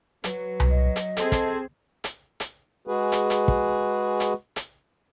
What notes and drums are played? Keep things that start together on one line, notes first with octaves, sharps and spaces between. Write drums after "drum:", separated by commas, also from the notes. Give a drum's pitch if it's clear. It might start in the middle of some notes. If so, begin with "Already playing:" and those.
F#3 B4, drum: hi-hat
drum: tom C2
D#5
drum: hi-hat
C4 G#4 A4 C5 A5, drum: hi-hat
drum: kick, hi-hat
drum: hi-hat
drum: hi-hat
G#3 F#4 G#4 B4
drum: hi-hat
drum: hi-hat
drum: kick
drum: hi-hat
drum: hi-hat